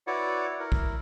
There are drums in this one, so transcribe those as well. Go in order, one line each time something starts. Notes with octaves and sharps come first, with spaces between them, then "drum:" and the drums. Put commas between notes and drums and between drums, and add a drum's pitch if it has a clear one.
E4 F#4 B4 C#5 D5 F#5
E4 A#4
drum: kick